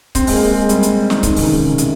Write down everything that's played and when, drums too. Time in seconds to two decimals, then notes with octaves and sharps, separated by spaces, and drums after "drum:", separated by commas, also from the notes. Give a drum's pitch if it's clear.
0.15 C4, drum: kick C#1, hi-hat
0.27 G#3, drum: open hi-hat
0.34 A#3
0.51 G#3
0.69 G3, drum: hi-hat
0.83 drum: hi-hat
1.10 drum: snare
1.23 D#3, drum: kick C#1, hi-hat
1.36 C#3, drum: open hi-hat
1.42 D#3
1.60 C#3
1.78 C3, drum: hi-hat